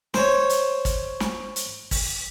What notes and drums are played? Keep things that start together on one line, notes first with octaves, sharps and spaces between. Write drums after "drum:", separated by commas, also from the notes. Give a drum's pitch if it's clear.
C5 C#5, drum: snare
drum: hi-hat
drum: kick, hi-hat
drum: snare
drum: hi-hat
drum: kick, open hi-hat